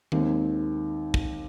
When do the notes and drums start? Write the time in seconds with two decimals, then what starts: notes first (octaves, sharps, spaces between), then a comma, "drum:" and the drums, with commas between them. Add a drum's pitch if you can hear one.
0.12 D#2 D#3 G#3 C4, drum: tom D#3
1.14 drum: kick